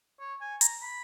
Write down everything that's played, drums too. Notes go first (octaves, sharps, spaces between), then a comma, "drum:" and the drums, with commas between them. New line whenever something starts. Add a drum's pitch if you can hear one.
C#5
G#5
A#5, drum: hi-hat
B5